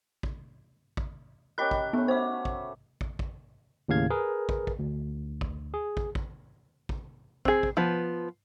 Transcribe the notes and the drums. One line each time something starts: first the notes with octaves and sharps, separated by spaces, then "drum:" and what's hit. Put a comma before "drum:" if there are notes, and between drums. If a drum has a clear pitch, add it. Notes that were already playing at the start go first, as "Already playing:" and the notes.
drum: kick
drum: kick
C#4 G4 A#4 D#5 B5 F#6
drum: kick
A3 B3 C#4
F#4 C5 E5 B5 D6
drum: kick
drum: kick
drum: kick
D#2 A2 C#3 F5 G#6
G#4 A#4 B4
drum: kick
drum: kick
D2
drum: kick
G#4
drum: kick
drum: kick
drum: kick
C4 G#4, drum: kick
drum: kick
F3 B3 B4